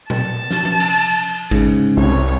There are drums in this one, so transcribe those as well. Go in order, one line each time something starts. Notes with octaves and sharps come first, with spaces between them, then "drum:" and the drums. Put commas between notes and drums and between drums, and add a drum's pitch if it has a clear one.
A5, drum: tom
drum: snare
drum: tom F3
drum: cymbal
G#2 C#3, drum: kick G#1
C2 C#5